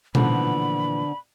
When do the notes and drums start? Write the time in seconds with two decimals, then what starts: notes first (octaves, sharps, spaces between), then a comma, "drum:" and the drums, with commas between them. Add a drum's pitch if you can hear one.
0.15 A#2 D3 E3 F3 B3 C4 B5, drum: tom B2